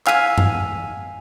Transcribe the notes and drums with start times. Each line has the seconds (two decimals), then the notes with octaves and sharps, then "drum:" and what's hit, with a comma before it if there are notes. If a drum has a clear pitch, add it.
0.06 F5 G#5 E6 B6 D#7, drum: clap
0.38 drum: tom F#2